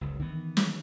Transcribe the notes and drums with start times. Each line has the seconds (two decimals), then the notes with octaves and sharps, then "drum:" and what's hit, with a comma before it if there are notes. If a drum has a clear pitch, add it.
0.01 F#1 C#2
0.20 D#3 E3 B3
0.57 drum: snare